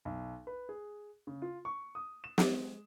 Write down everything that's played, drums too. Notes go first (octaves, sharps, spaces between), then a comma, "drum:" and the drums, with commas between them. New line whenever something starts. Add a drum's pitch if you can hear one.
B1
B4
G#4
C#3
F4
C#6
D#6
E7
G#3, drum: snare